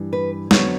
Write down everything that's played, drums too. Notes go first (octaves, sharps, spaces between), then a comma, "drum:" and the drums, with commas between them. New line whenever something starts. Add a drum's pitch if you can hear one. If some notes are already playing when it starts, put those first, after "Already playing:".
Already playing: G2 E3 G3
B4
F2 D3 F#3 B3 C#5, drum: snare